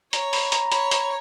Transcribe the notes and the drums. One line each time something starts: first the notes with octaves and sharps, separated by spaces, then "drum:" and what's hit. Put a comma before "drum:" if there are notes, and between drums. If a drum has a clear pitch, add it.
C#5 A#5, drum: hi-hat
B5, drum: open hi-hat
A#5, drum: hi-hat
A#5
C#5 B5, drum: hi-hat
A#5, drum: hi-hat